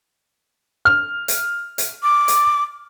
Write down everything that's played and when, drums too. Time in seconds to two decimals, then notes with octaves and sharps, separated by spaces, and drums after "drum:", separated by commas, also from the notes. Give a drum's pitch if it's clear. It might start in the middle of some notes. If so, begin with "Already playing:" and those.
0.85 F6
1.28 drum: hi-hat
1.78 drum: hi-hat
2.03 D6
2.28 drum: hi-hat